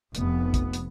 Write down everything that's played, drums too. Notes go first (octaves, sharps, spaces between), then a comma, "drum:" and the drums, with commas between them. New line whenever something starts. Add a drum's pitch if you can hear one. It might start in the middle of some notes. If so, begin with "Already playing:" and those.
F1 B3, drum: hi-hat
drum: kick, hi-hat
drum: hi-hat